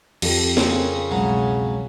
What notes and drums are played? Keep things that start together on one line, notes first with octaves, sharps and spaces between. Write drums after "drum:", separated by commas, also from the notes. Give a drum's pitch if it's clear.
F2 G4 A4, drum: cymbal
C#3 C4 A4 A#4 C#5, drum: snare
C2 B2 F#3 G#3